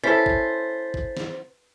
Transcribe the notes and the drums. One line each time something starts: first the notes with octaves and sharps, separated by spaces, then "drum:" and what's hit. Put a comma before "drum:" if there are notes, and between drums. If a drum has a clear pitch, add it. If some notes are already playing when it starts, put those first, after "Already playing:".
C#4 E4 A4 C5 A6 B6
drum: kick
drum: kick
drum: snare